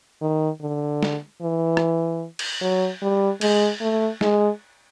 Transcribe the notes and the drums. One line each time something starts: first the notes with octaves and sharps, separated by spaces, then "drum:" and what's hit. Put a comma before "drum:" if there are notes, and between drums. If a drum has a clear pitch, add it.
D#3
D3
drum: snare
E3
drum: rim click
drum: cymbal
F#3
G3
G#3, drum: cymbal
A3
G#3, drum: snare